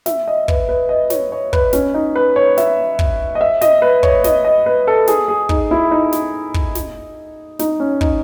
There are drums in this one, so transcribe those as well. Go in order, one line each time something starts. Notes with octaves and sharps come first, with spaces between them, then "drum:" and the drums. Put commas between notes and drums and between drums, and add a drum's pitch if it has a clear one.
E5, drum: snare
D#5
B4, drum: kick
B4
D#5
C#5, drum: snare
C#5
B4, drum: kick
C#4, drum: snare
D#4
B4
C#5
E5, drum: snare
drum: kick
D#5
E5
D#5, drum: snare
B4
C#5, drum: kick
D#5, drum: snare
D#5
B4
A4
G#4, drum: snare
G#4
D#4, drum: kick
E4
D#4
drum: snare
drum: kick
drum: snare
D#4, drum: snare
C#4
D#4, drum: kick